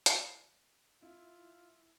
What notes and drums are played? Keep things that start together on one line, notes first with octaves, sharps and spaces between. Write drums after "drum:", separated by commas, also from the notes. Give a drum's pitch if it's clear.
drum: hi-hat
E4 F4